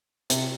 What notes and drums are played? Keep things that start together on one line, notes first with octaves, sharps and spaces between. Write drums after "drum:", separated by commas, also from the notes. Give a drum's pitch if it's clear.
C3, drum: hi-hat